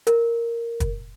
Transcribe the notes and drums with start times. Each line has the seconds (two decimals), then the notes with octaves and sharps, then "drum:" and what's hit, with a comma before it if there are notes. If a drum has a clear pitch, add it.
0.07 A#4, drum: hi-hat
0.80 drum: kick, hi-hat